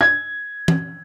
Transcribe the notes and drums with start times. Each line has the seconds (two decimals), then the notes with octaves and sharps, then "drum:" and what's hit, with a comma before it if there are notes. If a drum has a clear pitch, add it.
0.01 G#6
0.68 drum: tom E3